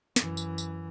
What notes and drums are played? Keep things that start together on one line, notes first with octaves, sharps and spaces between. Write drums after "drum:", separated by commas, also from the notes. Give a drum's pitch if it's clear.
F#2 E3, drum: snare
drum: tambourine
drum: tambourine